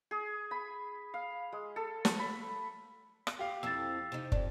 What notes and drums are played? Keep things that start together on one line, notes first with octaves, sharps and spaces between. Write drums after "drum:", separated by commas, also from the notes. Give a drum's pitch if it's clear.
G#4
B5
F5
G#3
A4
drum: snare
B5
drum: rim click
G4 F5
F2 E4 E6 A6
C3 D#4
F2 D5, drum: kick